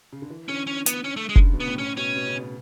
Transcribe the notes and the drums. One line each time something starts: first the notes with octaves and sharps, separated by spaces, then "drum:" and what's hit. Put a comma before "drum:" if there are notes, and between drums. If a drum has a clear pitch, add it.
C#3
D3
E3
D3 C#4
C#4
B3, drum: hi-hat
C#4
A3
G#3
D3, drum: kick F1
C#3
B2
B3
A2
A2 C#4
B2 C#4
B2
C#3
B2